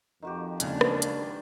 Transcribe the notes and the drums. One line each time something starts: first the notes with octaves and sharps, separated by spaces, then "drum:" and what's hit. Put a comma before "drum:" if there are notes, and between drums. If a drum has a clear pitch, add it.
F2 D#3 F#4 G4
D#2 C#3 G#3 D4, drum: hi-hat
drum: rim click
drum: hi-hat